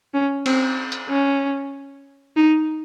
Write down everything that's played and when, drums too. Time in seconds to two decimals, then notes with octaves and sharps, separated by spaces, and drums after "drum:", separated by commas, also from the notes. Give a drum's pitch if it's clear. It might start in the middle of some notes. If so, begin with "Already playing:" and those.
0.14 C#4
0.46 C4, drum: cymbal
0.92 drum: hi-hat
1.09 C#4
2.37 D#4